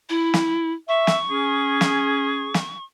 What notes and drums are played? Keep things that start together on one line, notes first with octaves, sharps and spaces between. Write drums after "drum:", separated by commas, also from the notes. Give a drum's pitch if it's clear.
E4
drum: snare
E5 C#6
drum: snare
C#4 G#4
drum: snare
drum: snare